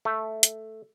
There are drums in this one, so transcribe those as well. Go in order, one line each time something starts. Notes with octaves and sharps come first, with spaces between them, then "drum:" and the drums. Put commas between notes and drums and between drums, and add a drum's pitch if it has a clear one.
A3
drum: hi-hat